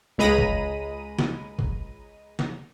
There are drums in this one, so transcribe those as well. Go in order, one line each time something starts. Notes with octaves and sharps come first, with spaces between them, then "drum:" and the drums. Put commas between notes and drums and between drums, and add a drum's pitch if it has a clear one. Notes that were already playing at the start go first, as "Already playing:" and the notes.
C#2 G#3 A#5 B5 D#7
drum: kick
drum: snare
drum: kick
drum: snare